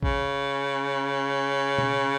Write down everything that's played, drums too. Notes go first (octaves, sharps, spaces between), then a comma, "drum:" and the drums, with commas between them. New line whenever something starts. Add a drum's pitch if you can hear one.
C#3, drum: kick
drum: tom